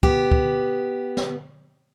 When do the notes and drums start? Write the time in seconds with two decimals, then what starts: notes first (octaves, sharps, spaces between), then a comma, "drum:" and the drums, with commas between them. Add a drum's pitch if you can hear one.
0.03 B3 G4, drum: kick C#2
0.31 drum: kick C#2
1.17 drum: snare